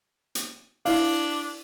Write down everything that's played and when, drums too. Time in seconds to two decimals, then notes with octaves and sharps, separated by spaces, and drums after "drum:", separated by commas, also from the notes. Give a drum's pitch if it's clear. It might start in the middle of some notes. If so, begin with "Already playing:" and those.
0.35 drum: hi-hat
0.86 D4 E4 F5, drum: open hi-hat